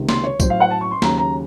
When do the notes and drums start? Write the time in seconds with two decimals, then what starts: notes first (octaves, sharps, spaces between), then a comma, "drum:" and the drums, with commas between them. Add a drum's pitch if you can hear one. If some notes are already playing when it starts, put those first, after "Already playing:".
Already playing: C#2 C3 D#3
0.09 C6, drum: snare A#3
0.24 C#5
0.40 A2 F#3 C5, drum: kick, tambourine
0.50 F5
0.60 F#5
0.70 A5
0.81 C#6
0.91 C6
1.02 D#2 C#3 F#3 A#5, drum: snare A#3
1.17 A#5